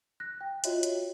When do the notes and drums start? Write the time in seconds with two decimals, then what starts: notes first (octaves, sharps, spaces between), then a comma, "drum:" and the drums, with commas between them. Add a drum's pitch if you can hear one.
0.20 F#6 A#6
0.41 G5
0.64 F4 F#4 C#5 D#5 E5, drum: hi-hat
0.83 drum: hi-hat